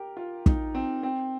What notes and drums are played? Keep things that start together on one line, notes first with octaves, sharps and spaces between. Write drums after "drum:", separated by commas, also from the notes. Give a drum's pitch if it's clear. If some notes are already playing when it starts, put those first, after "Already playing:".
Already playing: G4 A#4
F4
D#4, drum: kick
C4
C4